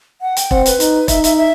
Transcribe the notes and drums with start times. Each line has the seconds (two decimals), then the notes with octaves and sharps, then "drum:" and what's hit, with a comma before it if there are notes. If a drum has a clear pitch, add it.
0.21 F#5
0.37 G5, drum: hi-hat
0.51 C4 F#5, drum: kick E1
0.66 B4, drum: hi-hat
0.80 D#4, drum: hi-hat
1.08 D#4 E5, drum: kick E1, hi-hat
1.24 E5, drum: hi-hat
1.37 E5